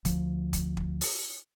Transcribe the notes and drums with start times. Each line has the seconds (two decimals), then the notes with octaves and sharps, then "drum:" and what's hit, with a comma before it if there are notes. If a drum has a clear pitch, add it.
0.05 D2 F3, drum: kick, hi-hat
0.53 drum: kick, hi-hat
0.77 drum: kick
1.01 drum: open hi-hat